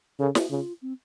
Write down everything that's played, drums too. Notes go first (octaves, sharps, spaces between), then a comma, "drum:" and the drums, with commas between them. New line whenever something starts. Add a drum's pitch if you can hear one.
C#3 A4
F#4, drum: snare
C#3 F4
C4